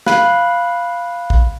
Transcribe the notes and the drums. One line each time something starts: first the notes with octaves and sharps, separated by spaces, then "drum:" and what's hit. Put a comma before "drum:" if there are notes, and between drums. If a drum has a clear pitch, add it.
F5 B5 F#6, drum: snare
drum: kick